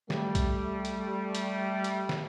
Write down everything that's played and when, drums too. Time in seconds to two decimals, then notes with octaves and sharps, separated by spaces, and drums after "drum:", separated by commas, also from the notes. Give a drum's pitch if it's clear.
0.10 G3 A3, drum: snare
0.35 drum: kick B1, hi-hat
0.85 drum: hi-hat
1.35 drum: hi-hat
1.84 drum: hi-hat
2.09 drum: snare